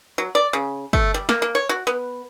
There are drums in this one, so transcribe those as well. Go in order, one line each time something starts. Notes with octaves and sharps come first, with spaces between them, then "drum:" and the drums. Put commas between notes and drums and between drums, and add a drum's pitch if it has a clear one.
F#3
D5
C#3
A3, drum: kick
G3
A#3, drum: snare
A#3
C#5
F#4
B3